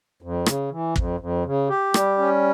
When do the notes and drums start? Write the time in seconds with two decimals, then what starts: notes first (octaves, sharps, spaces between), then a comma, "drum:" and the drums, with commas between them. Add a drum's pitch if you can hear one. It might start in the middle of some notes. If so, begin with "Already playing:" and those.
0.22 F2
0.46 C#3, drum: rim click
0.71 E3
0.96 F2, drum: kick
1.20 F2
1.45 C#3
1.69 G4
1.94 G3, drum: rim click
2.18 C#4